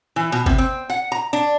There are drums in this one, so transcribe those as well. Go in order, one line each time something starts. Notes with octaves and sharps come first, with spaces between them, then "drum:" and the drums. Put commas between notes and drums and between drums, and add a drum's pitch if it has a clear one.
E3
B2
C3, drum: kick G1
C4
F#5
A#5
D4